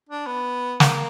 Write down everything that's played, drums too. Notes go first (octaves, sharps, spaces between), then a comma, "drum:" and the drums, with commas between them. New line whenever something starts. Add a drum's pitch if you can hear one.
D4
B3
A#3, drum: snare